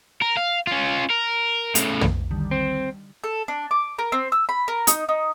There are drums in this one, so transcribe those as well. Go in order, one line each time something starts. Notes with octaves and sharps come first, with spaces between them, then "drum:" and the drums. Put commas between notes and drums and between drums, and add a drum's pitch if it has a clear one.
A#4
F5
C#4 F4
A#4
A2 C#3, drum: hi-hat
drum: tom
D3 D#3 G3
C4
A4
D4
D6
A#4
C4
E6
B5
A#4
D#4, drum: hi-hat
D#4